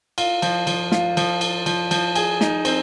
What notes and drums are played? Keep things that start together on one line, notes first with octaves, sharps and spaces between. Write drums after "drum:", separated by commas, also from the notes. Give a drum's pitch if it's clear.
F4, drum: cymbal
F3, drum: cymbal
F3, drum: cymbal
F4, drum: snare
F3, drum: cymbal
F4, drum: cymbal
F3, drum: cymbal
F3, drum: cymbal
G#4, drum: cymbal
D#4, drum: snare
C4, drum: cymbal